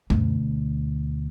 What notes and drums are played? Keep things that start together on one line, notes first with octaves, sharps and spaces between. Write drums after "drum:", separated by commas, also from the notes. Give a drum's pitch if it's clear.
D2 B2, drum: tom F#2